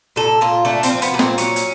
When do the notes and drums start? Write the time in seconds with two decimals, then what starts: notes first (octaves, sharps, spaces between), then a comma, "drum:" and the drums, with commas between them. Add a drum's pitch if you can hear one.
0.16 A#2 A4
0.41 A#2 F4
0.65 A3 D4
0.83 C4, drum: hi-hat
0.90 F3
1.02 B3, drum: hi-hat
1.14 A#2
1.19 C4, drum: snare
1.38 F#3 C#4, drum: hi-hat
1.56 drum: hi-hat